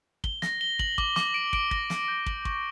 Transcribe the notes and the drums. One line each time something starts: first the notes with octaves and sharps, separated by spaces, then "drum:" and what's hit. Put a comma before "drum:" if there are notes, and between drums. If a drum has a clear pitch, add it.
G7, drum: kick
A#6, drum: snare
G7
F#7, drum: kick
D6, drum: kick
D6, drum: snare
D7
D7, drum: kick
A#6, drum: kick
F#7, drum: snare
G6
F#7, drum: kick
C#6, drum: kick